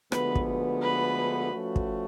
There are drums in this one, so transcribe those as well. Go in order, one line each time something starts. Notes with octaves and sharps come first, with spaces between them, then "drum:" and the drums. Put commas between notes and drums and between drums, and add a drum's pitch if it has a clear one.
D2 D3 F3 G#3 B3 B4, drum: rim click
drum: kick
B4
F3 A3 C#4 F#4
drum: kick